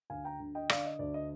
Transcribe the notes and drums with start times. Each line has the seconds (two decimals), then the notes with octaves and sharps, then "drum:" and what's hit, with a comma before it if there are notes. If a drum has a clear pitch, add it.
0.10 D2 F5 G#5
0.25 G5 A#5
0.39 D3
0.55 D#5 G5
0.69 D3 D5 F5, drum: rim click
0.85 D#5
0.99 D2 D5
1.14 D#5